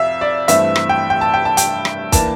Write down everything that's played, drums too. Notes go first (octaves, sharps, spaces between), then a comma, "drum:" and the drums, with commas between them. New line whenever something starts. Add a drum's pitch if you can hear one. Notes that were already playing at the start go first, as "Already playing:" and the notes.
Already playing: F2 C3 E5 F5
D5
G2 E3 A3 C4 E5, drum: hi-hat
drum: rim click
G5
G5
A5
G5
A5
G5, drum: hi-hat
drum: rim click
E3 A#3 D4 A5, drum: kick, hi-hat